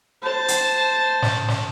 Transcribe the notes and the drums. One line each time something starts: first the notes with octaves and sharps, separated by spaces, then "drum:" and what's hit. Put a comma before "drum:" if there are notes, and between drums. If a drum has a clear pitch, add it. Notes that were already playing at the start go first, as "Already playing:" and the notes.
C5 A5
drum: hi-hat
drum: snare
drum: snare